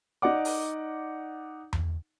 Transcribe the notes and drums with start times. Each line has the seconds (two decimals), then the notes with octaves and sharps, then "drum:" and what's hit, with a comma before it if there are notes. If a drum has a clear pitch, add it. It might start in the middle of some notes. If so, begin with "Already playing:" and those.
0.22 D#4 D5 F#5 D6
0.45 drum: open hi-hat
1.73 drum: tom E2